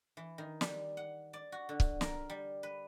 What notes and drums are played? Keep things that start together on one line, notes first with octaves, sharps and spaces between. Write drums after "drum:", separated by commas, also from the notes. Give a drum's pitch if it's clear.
E3
D#3
G3, drum: snare
F#5
D5
F#4
D3
drum: kick C#1
A#4, drum: snare
G3
B4